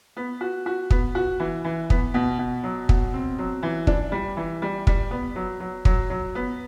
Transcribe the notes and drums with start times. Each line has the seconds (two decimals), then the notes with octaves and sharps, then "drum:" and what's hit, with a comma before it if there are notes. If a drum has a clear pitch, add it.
0.17 B3
0.41 F#4
0.66 F#4
0.91 B3, drum: kick
1.15 F#4
1.40 E3
1.64 E3
1.90 B3, drum: kick
2.14 B2
2.39 B2
2.63 F#3
2.89 B2, drum: kick
3.14 C4
3.39 F#3
3.63 E3
3.87 D4, drum: kick
4.12 G3
4.37 E3
4.62 G3
4.87 G3, drum: kick
5.11 B3
5.36 F#3
5.60 F#3
5.85 F#3, drum: kick
6.10 F#3
6.35 B3